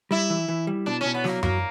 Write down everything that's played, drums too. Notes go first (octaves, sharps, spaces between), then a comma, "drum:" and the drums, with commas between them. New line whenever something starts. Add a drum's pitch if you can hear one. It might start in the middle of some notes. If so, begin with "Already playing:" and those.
G3 E4
E3
E3
G3
B2 D4
B2 C#4
B3
F#3 A#3, drum: snare
F#3 A#3, drum: tom F#2